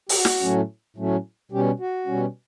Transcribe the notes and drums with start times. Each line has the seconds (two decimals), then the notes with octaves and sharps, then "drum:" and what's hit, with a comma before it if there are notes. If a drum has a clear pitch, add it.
0.09 G4, drum: open hi-hat
0.15 F#4
0.25 drum: snare
0.41 A2 F#3 A3 C#4
0.97 A2 F#3 A3 C#4
1.52 B2 G3 C#4 G4
1.80 F#4
2.07 B2 G3 C#4